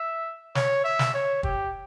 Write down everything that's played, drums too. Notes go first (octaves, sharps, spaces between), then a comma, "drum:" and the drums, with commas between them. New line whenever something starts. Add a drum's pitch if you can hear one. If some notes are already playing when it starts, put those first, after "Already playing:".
Already playing: E5
C#5, drum: snare
E5
drum: snare
C#5
G4, drum: kick